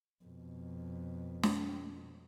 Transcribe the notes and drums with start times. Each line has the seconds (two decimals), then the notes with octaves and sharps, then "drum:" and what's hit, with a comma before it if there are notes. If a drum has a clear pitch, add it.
0.24 F2 B2
1.44 drum: snare